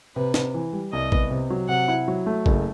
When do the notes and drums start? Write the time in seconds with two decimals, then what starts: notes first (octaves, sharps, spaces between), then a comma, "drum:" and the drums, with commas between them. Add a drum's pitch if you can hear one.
0.16 C3 B4
0.34 C3, drum: snare
0.54 E3
0.73 G3
0.92 C2 D#5
1.12 B3, drum: kick A1
1.31 C3
1.50 F#3
1.68 C3 F#5
1.88 E4
2.08 F#3
2.26 A3
2.46 F#1, drum: kick A1